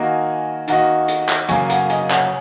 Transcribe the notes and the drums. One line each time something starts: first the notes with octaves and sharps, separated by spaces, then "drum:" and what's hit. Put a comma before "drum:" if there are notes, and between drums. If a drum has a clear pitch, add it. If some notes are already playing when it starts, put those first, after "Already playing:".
Already playing: D#3 A#3 F#4 D#5 G#5 C#6
D#3 A#3 F#4 D#5, drum: hi-hat
drum: hi-hat
drum: clap
F#2 C#3 A#3 G#5 C#6, drum: hi-hat
F#5 A#5, drum: hi-hat
D#5 G#5, drum: hi-hat
C#5 F#5, drum: clap